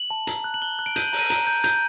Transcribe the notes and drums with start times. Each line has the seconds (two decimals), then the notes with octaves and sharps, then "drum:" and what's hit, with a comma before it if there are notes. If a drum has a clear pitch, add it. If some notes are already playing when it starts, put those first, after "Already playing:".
Already playing: F#7
0.10 A5
0.27 A#5, drum: hi-hat
0.44 F#6
0.54 F#7
0.62 F#6 G7
0.79 F#6
0.86 D7
0.96 G6 D#7, drum: hi-hat
1.08 F#7
1.13 A#5, drum: open hi-hat
1.19 D#7
1.30 A#5 D7, drum: hi-hat
1.47 G6
1.64 G6, drum: hi-hat